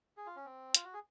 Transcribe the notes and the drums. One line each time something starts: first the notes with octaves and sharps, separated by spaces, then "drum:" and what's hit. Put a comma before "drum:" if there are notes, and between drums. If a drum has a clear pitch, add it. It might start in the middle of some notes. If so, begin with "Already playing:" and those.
G#4
F4
C#4
C4
F4, drum: hi-hat
F#4
G#4